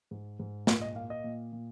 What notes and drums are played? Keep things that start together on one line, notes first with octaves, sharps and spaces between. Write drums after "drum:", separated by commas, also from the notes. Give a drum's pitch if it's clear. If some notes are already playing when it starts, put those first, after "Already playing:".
G#2
G#2
A#2, drum: snare
D#5
A#3 F5
D#5
A#2
A#2